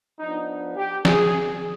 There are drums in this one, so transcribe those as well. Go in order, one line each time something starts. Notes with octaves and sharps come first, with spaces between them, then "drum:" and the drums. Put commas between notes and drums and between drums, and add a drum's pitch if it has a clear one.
F3 B3 D4 D#4
G4
G#4, drum: snare